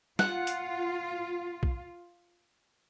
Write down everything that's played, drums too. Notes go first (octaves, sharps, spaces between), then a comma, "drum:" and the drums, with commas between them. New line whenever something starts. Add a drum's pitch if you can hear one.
F4 F#5, drum: snare
drum: hi-hat
drum: kick B1